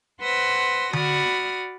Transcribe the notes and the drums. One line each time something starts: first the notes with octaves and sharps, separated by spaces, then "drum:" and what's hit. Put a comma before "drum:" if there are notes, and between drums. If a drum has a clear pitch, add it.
B4 C5 F#5 C6 E6 A#6
F#4 D5 B5 D#6 F6, drum: tom D3